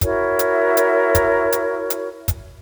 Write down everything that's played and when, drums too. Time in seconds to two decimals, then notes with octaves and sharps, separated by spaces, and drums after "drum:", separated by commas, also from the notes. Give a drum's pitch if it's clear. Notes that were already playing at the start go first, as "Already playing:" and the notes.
0.01 E4 F#4 A#4 C#5, drum: kick, hi-hat
0.39 drum: hi-hat
0.77 drum: hi-hat
1.15 drum: kick, hi-hat
1.52 drum: hi-hat
1.90 drum: hi-hat
2.28 drum: kick, hi-hat